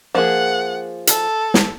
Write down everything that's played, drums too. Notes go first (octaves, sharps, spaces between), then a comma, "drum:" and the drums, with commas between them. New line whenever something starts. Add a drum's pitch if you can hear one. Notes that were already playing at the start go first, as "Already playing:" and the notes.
F3 A#3 G#4 F#5
A4, drum: hi-hat
drum: snare